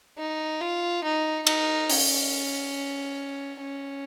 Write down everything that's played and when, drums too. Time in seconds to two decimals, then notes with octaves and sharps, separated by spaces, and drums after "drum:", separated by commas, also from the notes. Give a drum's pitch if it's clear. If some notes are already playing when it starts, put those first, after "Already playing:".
0.18 D#4
0.61 F4
1.04 D#4
1.47 D#4, drum: cymbal
1.90 C#4, drum: open hi-hat
3.60 C#4